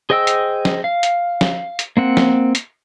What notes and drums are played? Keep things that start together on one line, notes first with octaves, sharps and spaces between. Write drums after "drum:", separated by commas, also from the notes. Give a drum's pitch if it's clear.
G#4 C5 D#5 G5 E6
drum: hi-hat
drum: snare
F5
drum: hi-hat
drum: snare
drum: hi-hat
A#3 C4 F#5
drum: snare
drum: hi-hat